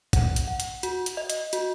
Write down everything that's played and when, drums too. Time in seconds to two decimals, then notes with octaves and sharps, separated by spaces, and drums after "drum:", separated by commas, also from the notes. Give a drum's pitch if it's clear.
0.13 F#5, drum: kick, hi-hat
0.36 drum: hi-hat
0.47 F#5
0.60 drum: hi-hat
0.83 F#4, drum: hi-hat
1.06 drum: hi-hat
1.17 D#5
1.30 drum: hi-hat
1.53 F#4, drum: hi-hat